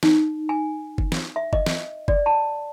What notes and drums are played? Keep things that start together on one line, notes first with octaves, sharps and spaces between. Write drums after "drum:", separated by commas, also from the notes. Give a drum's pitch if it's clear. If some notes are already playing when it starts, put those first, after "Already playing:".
D#4, drum: snare
G#5
drum: kick F#1
drum: snare
E5
D#5, drum: kick F#1
drum: snare
D5, drum: kick F#1
A5